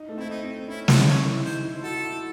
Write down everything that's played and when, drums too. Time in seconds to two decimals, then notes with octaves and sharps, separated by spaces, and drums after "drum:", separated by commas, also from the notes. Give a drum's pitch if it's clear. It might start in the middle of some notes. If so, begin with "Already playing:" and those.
Already playing: D#4
0.09 A3
0.18 C4 E4
0.30 D#4
0.43 C4
0.68 C#4 E4
0.88 D#4, drum: snare
1.06 E4 C#5
1.26 E4
1.45 D#4 C5
1.64 E4
1.84 F#4 A4
2.03 E4